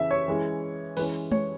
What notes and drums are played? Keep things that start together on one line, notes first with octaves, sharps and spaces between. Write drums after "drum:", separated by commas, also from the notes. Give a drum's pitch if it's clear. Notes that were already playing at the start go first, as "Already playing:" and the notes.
Already playing: C#3 E3 E5
C#5
E3 G#3 C#4
E3 G#3 C#4 B4, drum: cymbal
C#5, drum: tom G#3